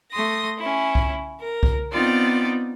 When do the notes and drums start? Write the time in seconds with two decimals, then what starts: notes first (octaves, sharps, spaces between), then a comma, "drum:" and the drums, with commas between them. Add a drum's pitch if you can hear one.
0.11 A3 C6 D#6 A#6
0.59 C#4 E4
0.95 drum: kick C2
1.40 A#4
1.63 drum: kick C2
1.93 B3 C4 D#4 F4 D5 G5